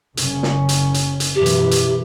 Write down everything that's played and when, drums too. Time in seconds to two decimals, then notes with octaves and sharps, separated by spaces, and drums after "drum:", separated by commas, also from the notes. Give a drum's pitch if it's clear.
0.17 F#1 C#3 C#4, drum: hi-hat
0.43 drum: snare
0.69 drum: hi-hat
0.94 drum: hi-hat
1.20 drum: hi-hat
1.35 F#2 B2 E3 G4
1.46 drum: hi-hat
1.71 drum: hi-hat